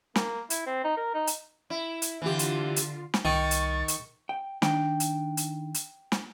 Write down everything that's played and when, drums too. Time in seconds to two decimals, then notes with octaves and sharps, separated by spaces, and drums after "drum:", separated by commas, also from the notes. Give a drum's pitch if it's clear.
0.16 A#3, drum: snare
0.50 E4, drum: hi-hat
0.66 C4
0.84 D#4
0.97 A#4
1.14 D#4
1.27 drum: hi-hat
1.70 E4
2.02 drum: hi-hat
2.22 D3 E3 F4 G4
2.39 drum: hi-hat
2.76 drum: hi-hat
3.14 drum: snare
3.25 C2 D#3 C#6 A6
3.51 drum: hi-hat
3.88 drum: hi-hat
4.29 G5
4.62 D#3 D4 D#4 G5, drum: snare
5.00 drum: hi-hat
5.37 drum: hi-hat
5.74 drum: hi-hat
6.12 drum: snare